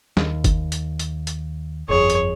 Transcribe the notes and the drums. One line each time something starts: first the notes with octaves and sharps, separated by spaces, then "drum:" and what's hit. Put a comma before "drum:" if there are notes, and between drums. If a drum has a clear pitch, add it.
D#2, drum: snare
drum: kick G1, hi-hat
drum: hi-hat
drum: hi-hat
drum: hi-hat
G1 F2 G#4 C#5
drum: hi-hat